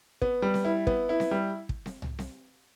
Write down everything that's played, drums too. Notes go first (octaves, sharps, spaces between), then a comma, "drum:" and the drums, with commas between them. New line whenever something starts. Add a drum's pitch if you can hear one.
B3, drum: kick
G3
drum: snare C4
E4
B3, drum: kick
E4
drum: snare C4
G3
drum: kick
drum: snare C4
drum: tom C2
drum: snare C4